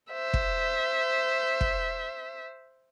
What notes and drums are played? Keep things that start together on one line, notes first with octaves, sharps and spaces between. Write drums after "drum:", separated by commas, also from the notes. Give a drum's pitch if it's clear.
C5 E5
drum: kick
drum: kick